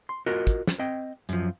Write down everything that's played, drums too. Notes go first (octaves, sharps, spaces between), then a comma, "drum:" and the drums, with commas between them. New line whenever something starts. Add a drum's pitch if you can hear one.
C6
F4 F#4 A#4 D#5
drum: kick, hi-hat
drum: snare
C4 D#5 G5
F#2 F3, drum: hi-hat